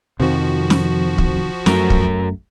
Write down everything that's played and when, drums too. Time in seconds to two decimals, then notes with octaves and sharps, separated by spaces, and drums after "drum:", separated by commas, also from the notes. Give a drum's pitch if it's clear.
0.20 F2 C3 D#3 F3 C4 F#4
0.70 drum: snare
1.18 drum: kick
1.66 F#2 F#3 A3 A#4, drum: snare
1.90 drum: kick